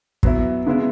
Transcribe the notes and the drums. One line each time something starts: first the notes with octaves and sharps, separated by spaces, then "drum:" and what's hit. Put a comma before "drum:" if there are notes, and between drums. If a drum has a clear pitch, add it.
F#3 B3 E4, drum: kick
C#3 G#3 B3 E4